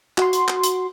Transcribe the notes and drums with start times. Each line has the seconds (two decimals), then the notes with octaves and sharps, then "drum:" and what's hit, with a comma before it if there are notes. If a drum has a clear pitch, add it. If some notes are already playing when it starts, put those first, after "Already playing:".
0.18 F#4 C6, drum: clap
0.33 drum: hi-hat
0.48 drum: clap
0.63 drum: hi-hat